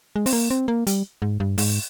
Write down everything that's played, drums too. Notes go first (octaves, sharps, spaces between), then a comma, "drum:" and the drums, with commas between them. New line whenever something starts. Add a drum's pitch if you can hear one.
G#3
C4, drum: open hi-hat
A#3
C4
A#3
G3, drum: hi-hat
G#2
G2
G#2, drum: open hi-hat